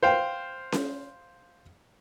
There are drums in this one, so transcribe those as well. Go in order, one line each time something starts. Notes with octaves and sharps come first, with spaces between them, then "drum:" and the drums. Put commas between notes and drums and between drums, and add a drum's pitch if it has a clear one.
C5 F5 G5
drum: snare C#4